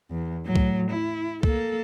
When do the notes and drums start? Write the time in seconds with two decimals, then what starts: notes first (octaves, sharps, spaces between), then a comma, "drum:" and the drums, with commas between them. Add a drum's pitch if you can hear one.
0.10 E2
0.45 A2 F#3
0.56 drum: kick C2
0.90 E4
1.43 A#3 A4, drum: kick C2